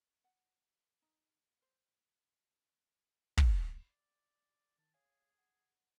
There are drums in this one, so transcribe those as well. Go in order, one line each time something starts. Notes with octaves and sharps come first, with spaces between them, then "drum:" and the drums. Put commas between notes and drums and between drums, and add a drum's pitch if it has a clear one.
F#5
D#4
C5
drum: kick
D5
D#3 A5
G#4 C#5 F5 G#5
F#5